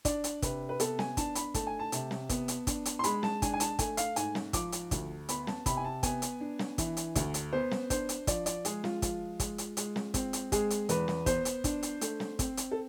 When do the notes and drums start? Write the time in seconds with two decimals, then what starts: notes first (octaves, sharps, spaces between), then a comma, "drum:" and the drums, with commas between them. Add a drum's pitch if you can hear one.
0.05 D4 D5, drum: kick, hi-hat
0.24 drum: hi-hat
0.42 C3 B4, drum: kick, hi-hat
0.69 B4
0.80 B3 A4, drum: hi-hat
0.99 G#5, drum: snare
1.17 D4 A5, drum: kick, hi-hat
1.35 B5, drum: hi-hat
1.54 A3 A5, drum: kick, hi-hat
1.67 G#5
1.79 A5
1.92 C3, drum: hi-hat
2.11 drum: snare
2.29 B3, drum: kick, hi-hat
2.48 drum: hi-hat
2.67 D4, drum: kick, hi-hat
2.85 drum: hi-hat
2.99 C6
3.04 G#3 B5, drum: hi-hat
3.23 A5, drum: snare
3.42 D4 G#5, drum: kick, hi-hat
3.53 G#5
3.60 A5, drum: hi-hat
3.79 A3 G#5, drum: kick, hi-hat
3.97 F5, drum: hi-hat
4.16 G#2 G#5, drum: hi-hat
4.35 drum: snare
4.53 F3 D6, drum: kick, hi-hat
4.72 drum: hi-hat
4.91 D2, drum: kick, hi-hat
5.29 B3 B5, drum: hi-hat
5.47 A5, drum: snare
5.66 C3 B5, drum: kick, hi-hat
5.77 G#5
5.84 A5
6.03 B3 G#5, drum: kick, hi-hat
6.22 drum: hi-hat
6.41 D4
6.59 drum: snare
6.78 E3, drum: kick, hi-hat
6.97 drum: hi-hat
7.15 D2, drum: kick, hi-hat
7.34 drum: hi-hat
7.53 B3 C5
7.71 drum: snare
7.90 D4 C5, drum: kick, hi-hat
8.09 drum: hi-hat
8.27 F3 D5, drum: kick, hi-hat
8.46 D5, drum: hi-hat
8.65 G#3 G#4, drum: hi-hat
8.84 F4, drum: snare
9.02 F3 F4, drum: kick, hi-hat
9.40 G#3, drum: kick, hi-hat
9.58 drum: hi-hat
9.77 G#3, drum: hi-hat
9.96 drum: snare
10.14 C4, drum: kick, hi-hat
10.33 drum: hi-hat
10.52 G#3 G#4, drum: kick, hi-hat
10.70 drum: hi-hat
10.89 E2 B4, drum: hi-hat
11.08 drum: snare
11.26 B3 C5, drum: kick, hi-hat
11.45 drum: hi-hat
11.64 D4, drum: kick, hi-hat
11.83 drum: hi-hat
12.01 A3, drum: hi-hat
12.20 drum: snare
12.39 C4, drum: kick, hi-hat
12.57 drum: hi-hat
12.71 A4